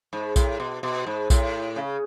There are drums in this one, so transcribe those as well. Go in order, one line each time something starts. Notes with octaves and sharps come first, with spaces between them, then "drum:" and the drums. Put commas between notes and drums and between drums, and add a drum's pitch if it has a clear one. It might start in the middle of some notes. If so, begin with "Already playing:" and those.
G#2
A2, drum: kick A#1, tambourine
B2
B2
G#2
A2, drum: kick A#1, tambourine
C#3